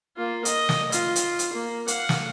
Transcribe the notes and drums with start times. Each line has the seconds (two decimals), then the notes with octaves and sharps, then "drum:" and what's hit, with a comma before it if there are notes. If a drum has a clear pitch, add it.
0.17 A#3 F4
0.45 D#5, drum: hi-hat
0.69 drum: snare
0.92 F4, drum: hi-hat
1.16 drum: hi-hat
1.39 drum: hi-hat
1.53 A#3
1.88 F5 F#5, drum: hi-hat
2.09 drum: snare